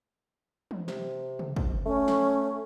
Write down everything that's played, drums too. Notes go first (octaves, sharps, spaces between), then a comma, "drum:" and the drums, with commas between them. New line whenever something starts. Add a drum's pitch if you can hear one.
drum: tom E3
C3, drum: snare
drum: tom
drum: kick
A3 C#4
drum: snare